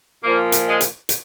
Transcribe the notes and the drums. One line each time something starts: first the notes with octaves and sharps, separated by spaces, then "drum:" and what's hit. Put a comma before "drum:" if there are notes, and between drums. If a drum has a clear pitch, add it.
A#2 F3 A#3
drum: hi-hat
G#3
drum: hi-hat
drum: hi-hat